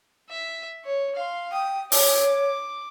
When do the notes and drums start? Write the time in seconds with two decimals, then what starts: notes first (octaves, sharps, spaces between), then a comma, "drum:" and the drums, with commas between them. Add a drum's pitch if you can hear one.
0.29 E5
0.85 C#5
1.15 F5 C6
1.52 G5 D#6
1.92 C#5 D6, drum: open hi-hat